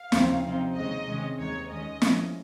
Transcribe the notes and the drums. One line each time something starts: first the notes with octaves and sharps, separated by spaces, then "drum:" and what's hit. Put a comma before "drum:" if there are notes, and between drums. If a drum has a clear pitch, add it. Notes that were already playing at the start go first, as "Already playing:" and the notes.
Already playing: F5
D#2 C#3 F3 C4 D#4, drum: snare
C3 F3 C4 D#4
D#2 C#3 G#3 D#4 D#5
C3 D#3 G#3 C#4
D#2 D#3 G#3 D#4 C#5
D#2 D#3 G#3 C#4 D#5
A#2 F3 G#3 C#4, drum: snare